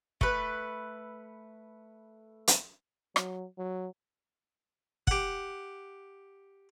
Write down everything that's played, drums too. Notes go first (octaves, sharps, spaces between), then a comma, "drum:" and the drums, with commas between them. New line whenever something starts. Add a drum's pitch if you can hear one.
A3 B4, drum: kick
drum: hi-hat
F#3, drum: rim click
F#3
G4 F#5, drum: kick